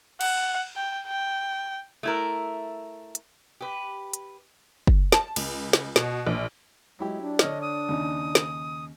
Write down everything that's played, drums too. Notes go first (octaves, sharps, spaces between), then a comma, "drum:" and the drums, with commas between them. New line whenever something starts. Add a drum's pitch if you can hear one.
F#5, drum: cymbal
G5
G5
A3 E4 A#4
drum: hi-hat
G4 B4
drum: hi-hat
drum: kick F#1
A5, drum: snare
C#2, drum: cymbal
drum: snare
B2, drum: snare
A#1
F#3 G#3 E4 G4
D4
D3 C#5 D#5 F6, drum: snare
D#6
D#2 C#3 D#4
drum: snare